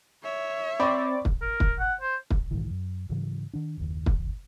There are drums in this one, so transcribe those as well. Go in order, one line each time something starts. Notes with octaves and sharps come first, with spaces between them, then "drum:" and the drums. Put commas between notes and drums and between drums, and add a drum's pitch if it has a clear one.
C#5 E5
C4 D5 B5 C#6
drum: kick
A#4
drum: kick
F#5
C5
drum: kick
B1 G#2 D#3 E3
F#2
G#2 C#3 E3 F#3
D#3 D4
F#1 D#2
drum: kick